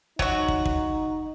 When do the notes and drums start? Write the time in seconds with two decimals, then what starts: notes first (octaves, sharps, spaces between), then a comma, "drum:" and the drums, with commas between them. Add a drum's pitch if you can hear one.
0.19 F#3 D#4 F#4, drum: kick
0.48 drum: kick
0.65 drum: kick